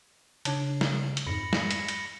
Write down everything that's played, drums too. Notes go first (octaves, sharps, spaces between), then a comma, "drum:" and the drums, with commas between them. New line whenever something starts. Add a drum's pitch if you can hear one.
C#3 D4 C#5 A5, drum: hi-hat
drum: snare
drum: hi-hat
F2 G#2 B5 A#6 C#7
drum: snare
drum: hi-hat
drum: hi-hat